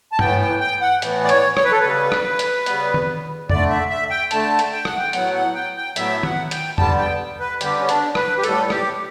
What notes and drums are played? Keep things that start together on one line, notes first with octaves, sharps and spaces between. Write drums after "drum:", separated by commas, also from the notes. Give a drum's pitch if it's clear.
A5
A2 E3 B3 G5, drum: tom G2
G5
G5
F#5
A2 E3 B3, drum: hi-hat
D5
C#5, drum: hi-hat
C#5, drum: rim click
B4
A4
C#3 G3 B3 B4
drum: rim click
drum: hi-hat
C#3 G3 B3, drum: hi-hat
drum: tom D#3
D3 A3 D5, drum: tom E2
E5
E5
G5
D3 A3 A5, drum: hi-hat
drum: hi-hat
G5
F#5, drum: rim click
G5
A2 F#3 B3 F#5, drum: hi-hat
F#5
G5
G5
A2 F#3 B3 E5, drum: hi-hat
F#5, drum: tom D#3
G5, drum: hi-hat
D3 G3 B3 A5, drum: tom E2
G5
B4
D3 G3 B3 G4, drum: hi-hat
C#4
D4, drum: hi-hat
B4, drum: rim click
G4
A2 G3 B3 A4, drum: hi-hat
G4, drum: rim click